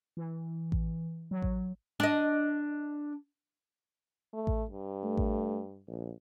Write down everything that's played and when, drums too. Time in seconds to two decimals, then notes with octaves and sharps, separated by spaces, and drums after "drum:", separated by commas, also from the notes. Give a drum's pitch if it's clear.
0.17 E3
0.72 drum: kick A1
1.31 F#3
1.42 drum: kick A1
2.00 D4 D#5
4.33 A3
4.47 drum: kick A1
4.70 G2
5.04 A3
5.17 drum: kick A1
5.88 A#1